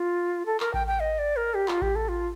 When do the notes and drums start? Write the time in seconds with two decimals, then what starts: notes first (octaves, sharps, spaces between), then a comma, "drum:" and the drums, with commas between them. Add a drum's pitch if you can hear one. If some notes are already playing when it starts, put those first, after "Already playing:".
Already playing: F4
0.46 A4
0.60 A#4, drum: clap
0.74 G5, drum: kick A1
0.87 G5
1.00 D#5
1.19 D5
1.37 A#4
1.54 G4
1.68 F4, drum: clap
1.82 G4, drum: kick A1
1.96 A4
2.09 F4